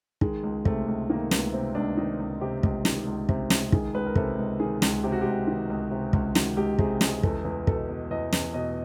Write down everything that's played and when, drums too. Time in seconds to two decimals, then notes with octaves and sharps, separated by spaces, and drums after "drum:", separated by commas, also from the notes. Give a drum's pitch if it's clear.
0.21 D#3 G#3, drum: kick
0.43 C#2
0.65 C3 A3, drum: kick
0.88 C#2
1.10 D#3 A#3
1.31 C#2 B3, drum: snare
1.53 C3 C4
1.75 C#2 D4
1.97 D#3 D#4
2.19 C#2
2.41 C3 G4
2.63 C#2, drum: kick
2.85 D#3, drum: snare
3.07 C#2
3.29 C3, drum: kick
3.50 C#2, drum: snare
3.72 D#3 G#4, drum: kick
3.95 C#2 B4
4.06 A#4
4.15 C3 A4, drum: kick
4.39 C#2
4.60 D#3 G#4
4.82 C#2, drum: snare
5.04 C3 G4
5.12 F#4
5.21 G4
5.26 C#2
5.47 D#3
5.70 C#2
5.91 C3
6.13 C#2, drum: kick
6.35 D#3 F#4, drum: snare
6.57 C#2 G4
6.79 C3 G#4, drum: kick
7.01 C#2 G#4, drum: snare
7.23 E2 A4, drum: kick
7.45 E2
7.67 B2 A4, drum: kick
7.89 B2
8.11 E2 D#5
8.32 E2, drum: snare
8.54 B2 D#5